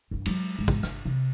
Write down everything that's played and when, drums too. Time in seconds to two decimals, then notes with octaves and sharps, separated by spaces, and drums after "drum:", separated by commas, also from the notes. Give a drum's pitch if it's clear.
0.11 G2 D#4
0.26 F#3 G#3, drum: cymbal
0.59 G#2
0.68 drum: kick
0.83 G1, drum: rim click
1.05 C3